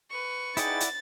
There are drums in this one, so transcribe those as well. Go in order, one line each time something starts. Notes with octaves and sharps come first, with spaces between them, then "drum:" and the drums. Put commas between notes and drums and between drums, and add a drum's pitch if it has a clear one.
B4 C#6
D#4 E4 G#4 D5 F#5 G5 A6, drum: hi-hat
drum: hi-hat